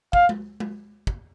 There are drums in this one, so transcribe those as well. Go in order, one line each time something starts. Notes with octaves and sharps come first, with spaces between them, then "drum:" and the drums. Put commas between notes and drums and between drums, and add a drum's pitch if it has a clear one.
F5, drum: kick
drum: tom G#3
drum: tom G#3
drum: kick